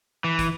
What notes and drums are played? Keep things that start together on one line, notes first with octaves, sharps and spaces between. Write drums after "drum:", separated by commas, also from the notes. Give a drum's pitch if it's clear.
E3
drum: kick, hi-hat